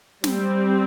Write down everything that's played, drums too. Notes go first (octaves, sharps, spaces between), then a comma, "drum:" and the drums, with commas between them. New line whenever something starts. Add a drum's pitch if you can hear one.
G3 C4, drum: snare